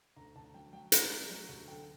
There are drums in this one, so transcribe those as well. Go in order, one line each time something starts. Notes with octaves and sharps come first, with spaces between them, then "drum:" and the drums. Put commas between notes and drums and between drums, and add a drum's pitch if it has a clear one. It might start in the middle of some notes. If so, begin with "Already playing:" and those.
D2 A#5
D2 A5
F#3 G5
F#3 G5
F#3 A#5, drum: hi-hat
F#3
F#3
D2
D3 G5